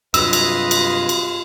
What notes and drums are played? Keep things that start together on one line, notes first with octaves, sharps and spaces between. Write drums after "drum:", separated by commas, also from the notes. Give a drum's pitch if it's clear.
G2 C3 F#3 F4 G#4 B4 D#5 E6, drum: cymbal
drum: cymbal
drum: cymbal
drum: cymbal